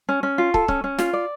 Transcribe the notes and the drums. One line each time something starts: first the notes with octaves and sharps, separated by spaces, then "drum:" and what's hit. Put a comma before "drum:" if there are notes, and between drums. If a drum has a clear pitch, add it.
C#4
C#4
F4
A4, drum: kick
C#4, drum: kick
C#4
F4, drum: snare
D5